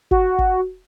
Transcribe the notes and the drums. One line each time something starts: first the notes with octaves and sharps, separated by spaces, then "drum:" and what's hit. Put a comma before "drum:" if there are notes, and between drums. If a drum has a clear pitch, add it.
F#4, drum: kick G1
drum: kick G1